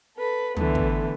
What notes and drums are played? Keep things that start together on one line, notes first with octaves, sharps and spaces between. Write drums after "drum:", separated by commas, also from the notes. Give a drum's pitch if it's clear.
A4 B4
D3 E3 A3 B3, drum: tom
drum: kick